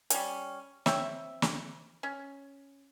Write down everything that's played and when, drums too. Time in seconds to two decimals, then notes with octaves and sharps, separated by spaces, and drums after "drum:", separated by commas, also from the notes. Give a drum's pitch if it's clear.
0.10 G3 C#4, drum: hi-hat
0.86 C4 C#5 E5, drum: snare
1.42 drum: snare
2.03 C#4